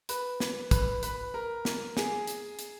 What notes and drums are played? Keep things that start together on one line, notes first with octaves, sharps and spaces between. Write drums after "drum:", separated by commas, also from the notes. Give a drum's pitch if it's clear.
B4 B5, drum: hi-hat
drum: snare
B4 B5, drum: kick, hi-hat
B4 B5, drum: hi-hat
A#4 A#5
drum: snare
G#4 G#5, drum: snare
drum: hi-hat
drum: hi-hat